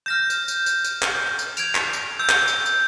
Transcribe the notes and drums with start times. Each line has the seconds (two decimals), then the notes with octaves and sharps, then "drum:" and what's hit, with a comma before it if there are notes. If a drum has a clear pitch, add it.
0.06 F6 G6 A#6 E7
0.30 drum: tambourine
0.48 drum: tambourine
0.66 drum: tambourine
0.84 drum: tambourine
1.03 drum: clap
1.39 drum: tambourine
1.57 G#6 D7 F7, drum: tambourine
1.75 drum: clap
1.93 drum: tambourine
2.19 E6 G6
2.30 drum: clap
2.48 drum: tambourine
2.66 drum: tambourine